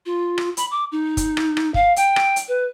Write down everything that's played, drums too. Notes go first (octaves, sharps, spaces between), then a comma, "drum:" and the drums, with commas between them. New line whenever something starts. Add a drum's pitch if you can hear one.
F4
drum: rim click
B5, drum: hi-hat
D6
D#4
drum: kick, hi-hat
drum: rim click
drum: rim click
F5, drum: kick
G5, drum: hi-hat
drum: rim click
drum: hi-hat
B4